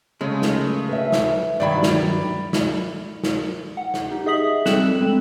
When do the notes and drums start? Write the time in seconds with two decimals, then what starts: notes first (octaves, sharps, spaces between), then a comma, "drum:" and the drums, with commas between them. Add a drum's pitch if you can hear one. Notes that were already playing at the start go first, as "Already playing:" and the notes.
0.21 C#3 G#3 A3
0.42 drum: snare
0.89 B4 E5
1.12 drum: snare
1.60 G2 D#3 F#3 D5 B5
1.83 drum: snare
2.53 drum: snare
3.23 drum: snare
3.77 F#5
3.94 drum: snare
4.11 D#4 G4
4.26 G#4 D#5 E5 D#6 B6 F#7
4.65 G3 C4 A4 F#6 E7 F#7, drum: snare
5.01 G3 G#3 C4